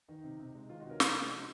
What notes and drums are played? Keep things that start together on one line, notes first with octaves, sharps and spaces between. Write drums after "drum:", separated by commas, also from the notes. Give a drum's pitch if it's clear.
D#3 D#4
C3
C3
G#3
D#3 F4
D#4 F#4
C3 A#4 C#5
C3 G#4 C5, drum: snare
G#3
F3 D#4 F#4